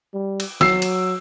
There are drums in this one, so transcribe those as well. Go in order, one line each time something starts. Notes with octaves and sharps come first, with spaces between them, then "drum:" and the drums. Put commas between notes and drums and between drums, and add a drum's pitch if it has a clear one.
G3
drum: cymbal
F#3 E6 C7, drum: snare
drum: cymbal